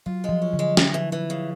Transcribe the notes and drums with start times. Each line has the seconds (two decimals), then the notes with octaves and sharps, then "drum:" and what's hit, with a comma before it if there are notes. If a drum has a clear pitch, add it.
0.06 F#3 F4
0.24 G#3
0.29 F3
0.42 C#4
0.53 D3
0.59 G#3
0.77 A3, drum: snare
0.94 E3
1.12 E3
1.30 C#3